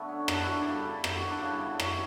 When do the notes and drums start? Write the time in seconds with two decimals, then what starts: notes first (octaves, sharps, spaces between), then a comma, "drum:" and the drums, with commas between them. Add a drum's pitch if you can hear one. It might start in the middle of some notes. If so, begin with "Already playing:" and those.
Already playing: D3 A3 B3
0.08 C#4
0.28 D4, drum: rim click
0.37 E4
0.47 F#4
0.56 D4
0.66 C#3 E3 G3 A4
1.04 G4, drum: rim click
1.16 F#4
1.29 D4
1.42 C#3 E3 G3 C#4
1.61 B3
1.80 C#4, drum: rim click